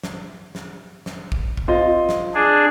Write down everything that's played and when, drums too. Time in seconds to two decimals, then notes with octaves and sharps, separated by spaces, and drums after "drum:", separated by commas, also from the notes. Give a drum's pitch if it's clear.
0.03 drum: snare
0.55 drum: snare
1.06 drum: snare
1.32 drum: kick
1.57 drum: kick
1.68 C4 F4 D#5
2.09 drum: snare
2.34 D4 G#4